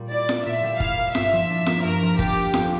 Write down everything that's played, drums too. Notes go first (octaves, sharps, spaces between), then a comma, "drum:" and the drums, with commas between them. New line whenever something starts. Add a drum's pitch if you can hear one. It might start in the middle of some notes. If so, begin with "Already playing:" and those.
Already playing: A#2 G3
E4 D5
A#3, drum: snare F4
A#2 E5
G3
E4 F5, drum: kick G1
A#3
G2 E5, drum: snare F4
F3
D4
A#3, drum: snare F4
G2 A#4
F3
D4 G4, drum: kick G1
A#3
F2, drum: snare F4